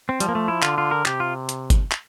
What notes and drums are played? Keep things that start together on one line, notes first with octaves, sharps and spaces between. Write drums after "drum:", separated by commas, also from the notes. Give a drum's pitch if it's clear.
C4
F3 G3, drum: hi-hat
A#3
A3
E4
D3 F4, drum: clap
F4
A#4
C3 G4, drum: clap
F4
drum: hi-hat
drum: kick G1, hi-hat
drum: clap